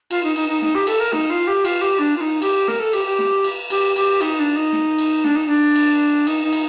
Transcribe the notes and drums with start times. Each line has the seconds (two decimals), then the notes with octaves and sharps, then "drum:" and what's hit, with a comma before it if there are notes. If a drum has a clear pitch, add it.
0.11 F4, drum: cymbal
0.23 D#4
0.36 D#4, drum: cymbal
0.48 D#4
0.62 D#4, drum: snare
0.75 G4
0.87 A4, drum: cymbal
1.00 A#4
1.13 D#4, drum: snare
1.30 F4
1.47 G4
1.65 F4, drum: cymbal
1.81 G4
1.99 D4
2.16 F4
2.21 D#4
2.42 G4, drum: cymbal
2.68 A#4, drum: snare
2.80 A4
2.93 G4, drum: cymbal
3.06 G4
3.19 drum: snare
3.44 drum: cymbal
3.70 G4, drum: cymbal
3.96 G4, drum: cymbal
4.21 D#4, drum: cymbal
4.39 D4
4.56 D#4
4.73 drum: snare
4.99 drum: cymbal
5.24 D4, drum: snare
5.35 D#4
5.47 D4
5.76 drum: cymbal
6.27 D#4, drum: cymbal
6.43 D#4
6.53 drum: cymbal